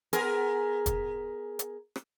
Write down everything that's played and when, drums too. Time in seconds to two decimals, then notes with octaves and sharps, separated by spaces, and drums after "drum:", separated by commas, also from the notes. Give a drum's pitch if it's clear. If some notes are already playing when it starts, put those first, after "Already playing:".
0.13 B3 G#4 A#4, drum: hi-hat
0.86 drum: kick, hi-hat
1.59 drum: hi-hat
1.96 drum: rim click